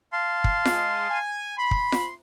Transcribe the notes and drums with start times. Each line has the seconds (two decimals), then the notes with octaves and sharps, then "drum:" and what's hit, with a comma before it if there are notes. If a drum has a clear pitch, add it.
0.13 F5 A5 C6
0.44 drum: kick
0.65 G#3, drum: snare F4
1.09 G#5
1.58 B5 C6
1.71 drum: kick
1.92 drum: snare F4